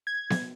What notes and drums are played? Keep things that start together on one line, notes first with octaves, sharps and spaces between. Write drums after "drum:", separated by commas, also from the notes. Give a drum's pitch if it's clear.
G#6
drum: snare B3